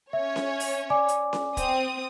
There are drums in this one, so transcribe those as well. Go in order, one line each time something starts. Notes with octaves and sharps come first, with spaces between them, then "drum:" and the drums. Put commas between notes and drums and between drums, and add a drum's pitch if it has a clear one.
C#4 C#5 E5
drum: snare C#4
drum: open hi-hat
D5 G#5 D6
drum: hi-hat
drum: snare C#4
C4 D#6, drum: kick, hi-hat